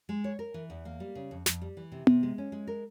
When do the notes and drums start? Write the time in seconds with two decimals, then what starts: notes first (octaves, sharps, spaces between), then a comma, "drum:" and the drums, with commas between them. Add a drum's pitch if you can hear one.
0.09 G#3
0.24 C#5
0.39 A#4
0.54 E3
0.70 E2
0.85 A#3
1.00 G3
1.15 C#3
1.31 F2
1.46 F2, drum: snare
1.61 G3
1.77 E3
1.92 C3
2.07 C3, drum: tom B3
2.23 G#3
2.38 C#4
2.52 G#3
2.67 A#4